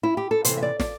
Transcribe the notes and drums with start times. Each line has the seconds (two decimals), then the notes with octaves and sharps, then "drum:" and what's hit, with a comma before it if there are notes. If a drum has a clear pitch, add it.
0.03 E4
0.17 G4
0.31 A4
0.45 C3 E3 C4 C5, drum: hi-hat
0.57 E5
0.63 D5
0.80 D5, drum: snare